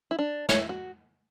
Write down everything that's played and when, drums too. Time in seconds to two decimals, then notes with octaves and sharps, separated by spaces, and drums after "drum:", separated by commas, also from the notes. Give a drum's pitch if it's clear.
0.11 E4
0.19 D4
0.49 E4 C#5, drum: snare
0.69 F#4